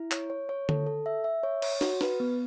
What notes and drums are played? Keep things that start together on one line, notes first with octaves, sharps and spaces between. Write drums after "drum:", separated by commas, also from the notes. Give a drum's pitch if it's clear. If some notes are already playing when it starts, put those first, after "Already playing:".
Already playing: E4
C#5, drum: clap
C#5
C#5
A4, drum: tom D3
A4
E5
E5
C#5
C#5, drum: cymbal
F#4, drum: snare
B4, drum: snare
B3